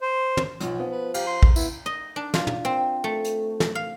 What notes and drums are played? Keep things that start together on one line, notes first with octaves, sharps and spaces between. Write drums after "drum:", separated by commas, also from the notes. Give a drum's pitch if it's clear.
C5
drum: tom
B1 B2 F3, drum: hi-hat
F3 B3
B4
G4 F5, drum: cymbal
C6
drum: kick
B3 E4, drum: tambourine
D#5
D4
F4, drum: snare
drum: tom
C4
A3
drum: hi-hat
drum: snare
F5